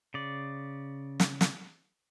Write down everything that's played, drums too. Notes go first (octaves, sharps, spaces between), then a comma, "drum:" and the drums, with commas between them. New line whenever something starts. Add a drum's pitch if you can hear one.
C#3 D5
drum: snare
drum: snare